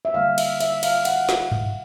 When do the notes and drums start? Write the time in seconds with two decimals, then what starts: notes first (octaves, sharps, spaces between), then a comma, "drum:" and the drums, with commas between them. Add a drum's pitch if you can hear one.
0.05 E5
0.14 D3 G3 A#3 F5
0.38 E5, drum: cymbal
0.60 E5, drum: cymbal
0.83 F5, drum: cymbal
1.05 F#5, drum: cymbal
1.29 drum: snare
1.52 drum: tom G2